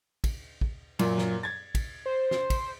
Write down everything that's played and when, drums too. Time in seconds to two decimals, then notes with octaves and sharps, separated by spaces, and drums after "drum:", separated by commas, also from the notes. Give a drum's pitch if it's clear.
0.24 drum: kick, cymbal
0.61 drum: kick
0.99 F#2 A#2 F#3, drum: cymbal
1.18 drum: snare
1.43 G#6 A6
1.75 drum: kick, cymbal
2.06 C5
2.31 drum: snare
2.50 drum: kick, cymbal